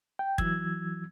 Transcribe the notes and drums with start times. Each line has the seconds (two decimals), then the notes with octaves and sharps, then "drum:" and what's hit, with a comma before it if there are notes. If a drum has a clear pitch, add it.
0.19 G5
0.38 E3 F#3 E6 G#6, drum: kick